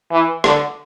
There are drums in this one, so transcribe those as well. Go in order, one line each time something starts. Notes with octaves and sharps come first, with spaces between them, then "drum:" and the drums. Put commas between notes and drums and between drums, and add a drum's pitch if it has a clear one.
E3
D3, drum: rim click